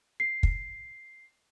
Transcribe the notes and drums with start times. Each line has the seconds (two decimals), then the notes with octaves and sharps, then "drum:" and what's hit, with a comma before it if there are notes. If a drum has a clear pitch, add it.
0.20 C7
0.43 drum: kick